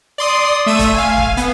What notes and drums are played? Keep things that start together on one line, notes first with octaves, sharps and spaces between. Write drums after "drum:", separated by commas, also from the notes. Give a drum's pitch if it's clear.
D5 C6 D#6
A3 E5 E6 D#7
drum: kick, hi-hat
F5 G#5
drum: kick
B3, drum: hi-hat